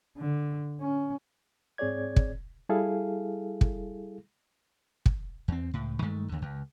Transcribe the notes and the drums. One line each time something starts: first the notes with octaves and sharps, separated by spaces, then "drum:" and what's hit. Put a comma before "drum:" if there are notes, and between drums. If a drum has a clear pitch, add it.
D3
C#4
G#2 C4 G#4 C#5 D5 G#6
drum: kick
G3 E4 G#4 A4 F5
drum: kick
drum: kick
E2 C4
C#2 A2
G2 D#3 G#3 A3
D#2 D3
C#2